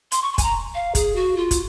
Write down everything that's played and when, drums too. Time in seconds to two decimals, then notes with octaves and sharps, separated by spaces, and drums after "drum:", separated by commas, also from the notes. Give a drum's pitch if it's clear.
0.12 C6, drum: hi-hat
0.22 C#6
0.33 C6
0.38 G#5, drum: kick, hi-hat
0.43 A#5
0.75 F5
0.95 G#4, drum: kick, hi-hat
1.16 F#4
1.37 F4
1.51 drum: kick, hi-hat